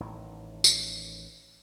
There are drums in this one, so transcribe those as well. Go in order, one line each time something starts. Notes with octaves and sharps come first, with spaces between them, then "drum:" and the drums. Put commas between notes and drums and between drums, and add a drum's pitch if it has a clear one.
A1 A2 D#3 E3
drum: tambourine